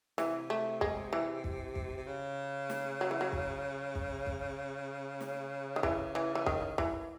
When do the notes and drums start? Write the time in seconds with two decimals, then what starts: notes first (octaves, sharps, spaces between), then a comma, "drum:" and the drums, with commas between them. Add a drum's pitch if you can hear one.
0.18 C3 E3, drum: snare
0.50 A3
0.81 G#3, drum: kick
1.13 E3
1.44 drum: kick
1.75 drum: kick
1.97 C3
2.07 C#3
2.70 drum: snare
3.01 F#3
3.11 E3
3.21 F#3
3.32 drum: kick
3.95 drum: kick
4.26 drum: kick
5.21 drum: snare
5.76 D#3
5.83 C#3 E3, drum: kick
6.15 E3
6.35 E3
6.46 D#3, drum: kick
6.78 E3, drum: kick